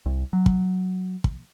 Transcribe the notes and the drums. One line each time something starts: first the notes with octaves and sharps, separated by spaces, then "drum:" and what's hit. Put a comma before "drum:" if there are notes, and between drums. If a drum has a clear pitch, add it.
C2
F#3
drum: kick
drum: kick